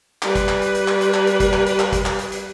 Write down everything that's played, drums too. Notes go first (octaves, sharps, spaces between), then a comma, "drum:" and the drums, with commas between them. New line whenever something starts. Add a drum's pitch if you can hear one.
G3 B4, drum: clap
drum: kick, hi-hat
drum: clap
drum: hi-hat
drum: hi-hat
drum: clap
drum: hi-hat
drum: clap
drum: hi-hat
drum: kick, hi-hat
drum: clap
drum: hi-hat
drum: clap
drum: kick, hi-hat
drum: clap
drum: hi-hat
drum: hi-hat